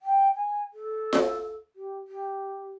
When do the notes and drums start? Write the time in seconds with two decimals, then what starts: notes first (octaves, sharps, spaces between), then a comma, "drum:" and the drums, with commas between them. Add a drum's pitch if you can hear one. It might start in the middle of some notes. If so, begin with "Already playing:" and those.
0.02 G5
0.35 G#5
0.73 A4
1.13 drum: snare F4
1.76 G4
2.08 G4